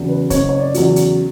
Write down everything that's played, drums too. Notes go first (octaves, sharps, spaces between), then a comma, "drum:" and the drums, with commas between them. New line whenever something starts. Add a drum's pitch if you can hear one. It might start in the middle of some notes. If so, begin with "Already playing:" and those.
Already playing: E2 C#3 F#3
B4
F#1 C#5, drum: kick, hi-hat
C#5
D5
E2 C#3 F#3, drum: hi-hat
drum: hi-hat